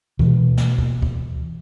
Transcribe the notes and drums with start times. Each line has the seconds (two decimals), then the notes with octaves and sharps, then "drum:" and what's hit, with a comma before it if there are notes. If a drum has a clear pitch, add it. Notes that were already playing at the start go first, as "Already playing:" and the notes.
0.19 B2 E3, drum: kick
0.57 drum: snare
0.78 drum: kick
1.02 drum: kick